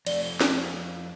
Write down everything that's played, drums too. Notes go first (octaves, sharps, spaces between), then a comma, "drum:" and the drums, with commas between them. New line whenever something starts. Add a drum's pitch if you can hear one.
F2 A3 D5 G7, drum: cymbal
drum: snare